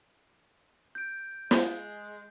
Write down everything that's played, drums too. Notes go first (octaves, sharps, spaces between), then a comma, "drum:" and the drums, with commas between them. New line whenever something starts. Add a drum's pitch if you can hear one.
G6 D7
G#3, drum: snare